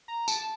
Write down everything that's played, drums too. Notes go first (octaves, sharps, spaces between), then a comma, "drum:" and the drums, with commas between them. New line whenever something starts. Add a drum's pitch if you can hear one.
A#5
A5, drum: tambourine